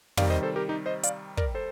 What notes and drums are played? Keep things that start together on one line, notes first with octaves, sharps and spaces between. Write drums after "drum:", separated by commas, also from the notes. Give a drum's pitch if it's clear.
C3 D#3 G3 D5 F5, drum: tom
C5 D#5
A4 C5
G4 A#4
D#4 G4
C5 D#5
D5 F5, drum: hi-hat
A#4 D5, drum: kick
A4 C5